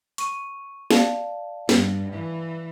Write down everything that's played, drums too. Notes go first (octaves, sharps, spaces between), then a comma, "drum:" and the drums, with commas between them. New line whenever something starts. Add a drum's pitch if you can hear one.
C#6 D#7, drum: hi-hat
D5 F5 A5, drum: snare
G2, drum: snare
E3